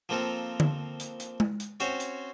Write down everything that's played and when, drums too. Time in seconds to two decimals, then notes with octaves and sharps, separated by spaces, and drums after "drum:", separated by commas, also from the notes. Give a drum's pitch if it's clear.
0.09 F3 A#3 C4 A4 A#4
0.60 drum: tom D3
1.00 drum: hi-hat
1.20 drum: hi-hat
1.40 drum: tom G#3
1.60 drum: hi-hat
1.80 C4 C#4 F#4 C5 C#5, drum: hi-hat
2.00 drum: hi-hat